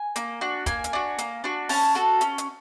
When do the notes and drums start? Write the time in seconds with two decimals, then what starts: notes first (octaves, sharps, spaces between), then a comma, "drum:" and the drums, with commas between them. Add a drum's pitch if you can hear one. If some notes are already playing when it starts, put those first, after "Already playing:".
Already playing: G#5
0.16 A#3, drum: hi-hat
0.41 D4 F#4
0.66 A#3 G#5, drum: kick, hi-hat
0.84 drum: hi-hat
0.93 D4 F#4
1.18 A#3, drum: hi-hat
1.44 D4 F#4
1.69 C#4 A5, drum: open hi-hat
1.95 F#4 A4
2.21 C#4, drum: hi-hat
2.38 drum: hi-hat